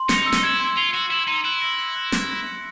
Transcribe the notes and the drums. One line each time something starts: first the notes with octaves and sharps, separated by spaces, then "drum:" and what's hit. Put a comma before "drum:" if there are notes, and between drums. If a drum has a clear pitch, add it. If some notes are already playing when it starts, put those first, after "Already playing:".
Already playing: C6
D#4 C#7, drum: snare
E6
D#4, drum: snare
E4 G#6
C6
F4 C#7
F#4 E6
E4 G#6
D#4 C6
E4 F#6
A#6
C#7
F#6
F#6, drum: snare
A#6
C#7